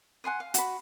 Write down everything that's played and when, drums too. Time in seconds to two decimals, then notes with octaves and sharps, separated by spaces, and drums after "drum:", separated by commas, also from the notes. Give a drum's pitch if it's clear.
0.24 F#5 G#5 C6 D#6
0.40 F5
0.54 F#4 B5, drum: hi-hat